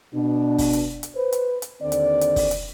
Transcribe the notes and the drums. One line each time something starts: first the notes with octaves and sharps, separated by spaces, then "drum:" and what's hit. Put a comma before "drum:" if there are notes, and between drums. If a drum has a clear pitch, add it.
B2 D4
drum: kick, open hi-hat
drum: hi-hat
drum: hi-hat
B4 C5
drum: hi-hat
drum: hi-hat
D#2 D3 C4 D5
drum: hi-hat
drum: hi-hat
drum: kick, open hi-hat
drum: hi-hat